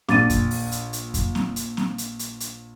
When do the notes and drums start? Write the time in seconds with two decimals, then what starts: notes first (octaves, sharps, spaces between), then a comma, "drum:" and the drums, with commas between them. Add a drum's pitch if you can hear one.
0.09 A#1 D6 A6 D#7, drum: snare C4
0.30 drum: kick F2, hi-hat
0.51 drum: open hi-hat
0.72 drum: hi-hat
0.93 drum: hi-hat
1.14 drum: kick F2, hi-hat
1.35 drum: snare C4
1.56 drum: hi-hat
1.77 drum: snare C4
1.98 drum: hi-hat
2.19 drum: hi-hat
2.40 drum: hi-hat